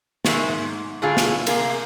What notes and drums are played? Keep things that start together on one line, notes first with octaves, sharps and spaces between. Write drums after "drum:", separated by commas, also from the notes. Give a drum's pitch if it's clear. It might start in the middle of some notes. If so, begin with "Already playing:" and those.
D#3 G#3 A#4 D5 E5, drum: snare
G#2
A2 D3 F4 G#4
drum: snare
C3 A#3 G#4, drum: cymbal